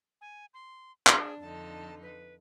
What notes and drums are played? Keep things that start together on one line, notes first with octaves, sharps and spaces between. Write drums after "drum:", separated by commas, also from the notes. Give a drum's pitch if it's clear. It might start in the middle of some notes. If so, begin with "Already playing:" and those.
G#5
C6
D4 G#4, drum: clap
F2 D3 D#4 A5
B4